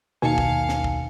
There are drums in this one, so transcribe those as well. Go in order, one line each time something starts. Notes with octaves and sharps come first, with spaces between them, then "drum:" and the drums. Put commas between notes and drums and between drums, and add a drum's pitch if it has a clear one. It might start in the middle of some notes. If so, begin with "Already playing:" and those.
D#2 B2 D#3 F5 G#5 A5 C#7
drum: kick
drum: snare
drum: kick